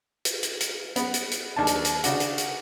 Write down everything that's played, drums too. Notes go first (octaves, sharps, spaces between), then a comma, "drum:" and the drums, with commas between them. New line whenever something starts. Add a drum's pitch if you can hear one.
drum: hi-hat
drum: hi-hat
drum: hi-hat
B3, drum: hi-hat
drum: hi-hat
drum: hi-hat
D#2 D4 A5
drum: hi-hat
drum: hi-hat
C#3 D4 F#4, drum: hi-hat
drum: hi-hat
drum: hi-hat